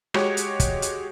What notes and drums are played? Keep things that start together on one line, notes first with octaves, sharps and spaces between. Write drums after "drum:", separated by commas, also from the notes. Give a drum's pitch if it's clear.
G#3 F#4 G4 C#5, drum: rim click
drum: hi-hat
drum: kick, hi-hat
drum: hi-hat